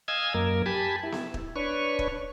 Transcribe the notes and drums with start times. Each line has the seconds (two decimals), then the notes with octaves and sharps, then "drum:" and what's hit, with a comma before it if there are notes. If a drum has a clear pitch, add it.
0.08 D#5 F5 G#5 E6 G#6
0.34 F#2 A#3 A#4
0.66 G4 G#5 A5 B5
1.03 E4
1.12 drum: snare B3
1.34 drum: kick
1.56 D4 B4 C#5 C#6
1.99 drum: kick